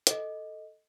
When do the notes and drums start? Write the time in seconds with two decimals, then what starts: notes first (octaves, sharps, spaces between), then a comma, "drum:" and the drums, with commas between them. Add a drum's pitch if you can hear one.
0.07 A4 D#5, drum: hi-hat